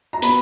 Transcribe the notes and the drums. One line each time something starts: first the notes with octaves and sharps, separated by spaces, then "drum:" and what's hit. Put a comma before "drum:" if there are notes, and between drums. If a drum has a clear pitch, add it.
A#5
B3 B5, drum: hi-hat